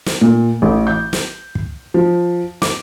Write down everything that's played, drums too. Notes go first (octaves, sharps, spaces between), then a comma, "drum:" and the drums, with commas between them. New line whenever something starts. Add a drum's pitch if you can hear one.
drum: snare
A#2
A1
G6
drum: snare
drum: kick
F3
D6, drum: snare